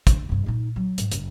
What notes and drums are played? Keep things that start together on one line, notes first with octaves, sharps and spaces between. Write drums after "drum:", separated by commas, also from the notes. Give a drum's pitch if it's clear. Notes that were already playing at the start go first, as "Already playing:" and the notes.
D2, drum: kick, hi-hat
G2 C3
A#2 D#4
F#3
G#2, drum: hi-hat
F#1, drum: hi-hat